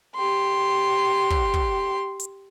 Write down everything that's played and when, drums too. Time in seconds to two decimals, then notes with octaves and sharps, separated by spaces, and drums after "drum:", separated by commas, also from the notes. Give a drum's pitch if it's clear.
0.16 G4 C6
1.30 drum: kick
1.54 drum: kick
2.20 drum: hi-hat